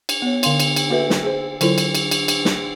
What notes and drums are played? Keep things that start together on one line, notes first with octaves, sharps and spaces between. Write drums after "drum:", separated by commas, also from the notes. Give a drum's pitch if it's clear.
drum: cymbal
B3 C#5
D3 F5 C6, drum: cymbal
drum: cymbal
drum: cymbal
A#3 F#4 A4 B4 E5
drum: snare
G#4 C5
D3 F#3 E4 F4 A4 C5, drum: cymbal
drum: cymbal
drum: cymbal
drum: cymbal
drum: cymbal
drum: snare